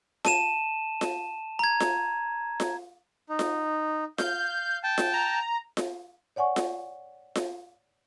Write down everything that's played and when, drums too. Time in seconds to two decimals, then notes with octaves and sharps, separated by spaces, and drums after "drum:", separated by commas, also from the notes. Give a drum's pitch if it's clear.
0.25 A5 D#7 E7, drum: snare F4
1.01 drum: snare F4
1.59 A#5 G#6
1.80 drum: snare F4
2.60 drum: snare F4
3.29 D#4
3.39 drum: snare F4
4.18 F5 G6, drum: snare F4
4.83 G5 A5
4.98 drum: snare F4
5.13 A#5
5.77 drum: snare F4
6.36 C#5 D5 F#5 G#5 C#6
6.56 drum: snare F4
7.35 drum: snare F4